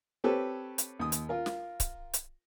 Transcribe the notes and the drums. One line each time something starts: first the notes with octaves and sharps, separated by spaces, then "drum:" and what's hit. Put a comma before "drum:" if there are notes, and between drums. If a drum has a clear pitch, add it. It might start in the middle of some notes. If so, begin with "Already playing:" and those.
C4 G4 A4 B4 C#5
drum: hi-hat
D#2 D#6
drum: hi-hat
F4 A#4
drum: snare
drum: kick C#1, hi-hat
drum: hi-hat